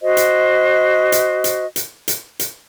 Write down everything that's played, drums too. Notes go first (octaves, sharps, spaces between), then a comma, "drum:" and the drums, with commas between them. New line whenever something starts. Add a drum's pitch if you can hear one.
F#4 C5 D#5
drum: hi-hat
drum: hi-hat
drum: hi-hat
drum: hi-hat
drum: hi-hat
drum: hi-hat